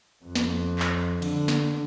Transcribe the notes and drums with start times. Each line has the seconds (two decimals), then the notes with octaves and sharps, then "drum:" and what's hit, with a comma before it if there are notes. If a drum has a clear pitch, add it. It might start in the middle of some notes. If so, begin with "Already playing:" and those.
0.25 F2
0.35 drum: snare
0.79 drum: clap
1.22 D3, drum: cymbal
1.48 drum: snare